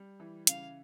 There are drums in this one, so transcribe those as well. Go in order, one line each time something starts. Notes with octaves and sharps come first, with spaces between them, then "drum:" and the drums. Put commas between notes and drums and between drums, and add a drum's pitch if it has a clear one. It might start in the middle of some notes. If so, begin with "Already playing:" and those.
Already playing: G3
E3
C#3 F5, drum: hi-hat